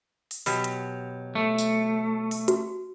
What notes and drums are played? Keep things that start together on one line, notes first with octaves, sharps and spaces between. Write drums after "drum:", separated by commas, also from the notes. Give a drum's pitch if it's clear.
drum: open hi-hat
B2 F#3 G4, drum: open hi-hat
drum: hi-hat
A3
drum: tambourine
drum: open hi-hat
F#4, drum: hi-hat